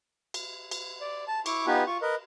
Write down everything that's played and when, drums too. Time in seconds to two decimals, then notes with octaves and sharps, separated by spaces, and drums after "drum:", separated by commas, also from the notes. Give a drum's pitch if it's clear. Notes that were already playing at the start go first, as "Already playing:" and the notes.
0.34 drum: cymbal
0.71 drum: cymbal
1.01 D5
1.28 A5
1.46 E4 C#6 D6, drum: cymbal
1.67 B3 D#4 F4 G4 B4 G#5
1.87 F4 C#6
2.02 A#4 B4 D#5